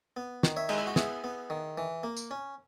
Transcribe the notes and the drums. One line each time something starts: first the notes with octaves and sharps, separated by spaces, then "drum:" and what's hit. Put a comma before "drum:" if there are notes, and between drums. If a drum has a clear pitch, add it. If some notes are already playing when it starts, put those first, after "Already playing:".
B3
D#3, drum: snare
C#5 E5
G#3 D#4, drum: cymbal
E4
F#4
B3 E4 G#4, drum: snare
B3
D#3
E3
A#3
drum: tambourine
C#4